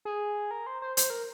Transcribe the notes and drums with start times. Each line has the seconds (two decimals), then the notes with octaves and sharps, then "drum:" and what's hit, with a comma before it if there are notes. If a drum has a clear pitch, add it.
0.05 G#4
0.51 A#4
0.67 C5
0.82 C5
0.97 C5, drum: hi-hat
1.10 A#4